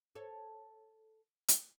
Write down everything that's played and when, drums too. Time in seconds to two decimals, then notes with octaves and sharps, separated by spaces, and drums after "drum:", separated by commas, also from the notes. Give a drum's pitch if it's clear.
0.15 A4 C#5
1.48 drum: hi-hat